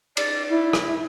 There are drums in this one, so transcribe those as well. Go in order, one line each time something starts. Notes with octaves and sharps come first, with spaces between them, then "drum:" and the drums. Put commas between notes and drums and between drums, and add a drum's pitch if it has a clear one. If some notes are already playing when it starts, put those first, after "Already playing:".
D5, drum: cymbal
E4
drum: rim click